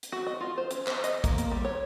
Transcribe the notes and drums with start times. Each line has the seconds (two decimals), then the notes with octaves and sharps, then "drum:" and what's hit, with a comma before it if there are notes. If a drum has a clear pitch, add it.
0.03 drum: hi-hat
0.12 F#4
0.27 D#5
0.41 F4
0.57 C5
0.71 C#4, drum: hi-hat
0.87 C5, drum: clap
1.04 D#5, drum: hi-hat
1.24 A#3, drum: kick, hi-hat
1.38 A#3, drum: hi-hat
1.51 G3
1.65 C#5